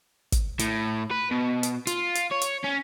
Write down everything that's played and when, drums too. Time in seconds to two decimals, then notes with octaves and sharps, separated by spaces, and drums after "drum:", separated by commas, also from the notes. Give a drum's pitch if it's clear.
0.32 drum: kick, hi-hat
0.59 A2, drum: hi-hat
1.11 B4
1.31 B2
1.63 drum: hi-hat
1.87 F4, drum: hi-hat
2.15 drum: hi-hat
2.32 C#5
2.41 drum: hi-hat
2.64 C#4